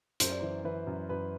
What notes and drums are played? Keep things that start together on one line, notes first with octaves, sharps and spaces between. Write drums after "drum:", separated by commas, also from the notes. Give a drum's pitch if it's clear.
F#2 C5, drum: hi-hat
D5
E3 C5
E3 B4
F#2
F#2 B4